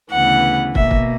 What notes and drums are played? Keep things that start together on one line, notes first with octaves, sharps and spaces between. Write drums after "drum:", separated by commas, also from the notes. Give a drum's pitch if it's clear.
D2 C#3 E3 B3 F#5
B2 A#3 E5, drum: kick
drum: kick